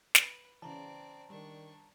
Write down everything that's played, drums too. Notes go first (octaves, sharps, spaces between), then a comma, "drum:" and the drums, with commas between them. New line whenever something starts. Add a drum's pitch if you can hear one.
B4, drum: snare
C#3 E3 C4 D5 A5 A#5
D#3 G3 D4 C#6